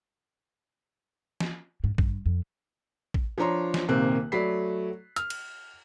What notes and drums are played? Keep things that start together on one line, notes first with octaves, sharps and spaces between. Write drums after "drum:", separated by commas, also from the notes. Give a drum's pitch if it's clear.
drum: snare
G#2
G2, drum: kick A1
F2
drum: kick A1
F3 D4 C#5 A#5 C6
drum: snare
D#1 D#2 C3 A#3 C4 F#6
F#3 A3 D5 B5 B6 C7
F6, drum: hi-hat
drum: cymbal